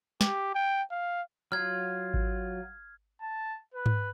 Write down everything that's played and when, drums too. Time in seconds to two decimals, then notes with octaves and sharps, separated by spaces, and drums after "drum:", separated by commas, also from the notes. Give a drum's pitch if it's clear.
0.21 G4, drum: snare
0.54 G5
0.91 F5
1.52 F#3 F4 F6 G#6
2.14 drum: kick G#1
3.21 A5
3.74 B4
3.86 drum: tom G#2